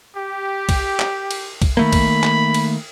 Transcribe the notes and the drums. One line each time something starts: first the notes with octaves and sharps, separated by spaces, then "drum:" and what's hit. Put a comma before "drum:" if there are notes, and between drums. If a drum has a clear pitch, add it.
G4
drum: kick, cymbal
drum: clap
drum: cymbal
drum: kick, cymbal
D#3 A3 A#3 B5
drum: kick, cymbal
drum: clap
drum: cymbal